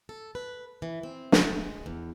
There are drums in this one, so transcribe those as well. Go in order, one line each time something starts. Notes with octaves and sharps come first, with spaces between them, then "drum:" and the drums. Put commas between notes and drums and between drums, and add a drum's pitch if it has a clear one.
A4
B4
E3
C4
drum: snare
G#3
E2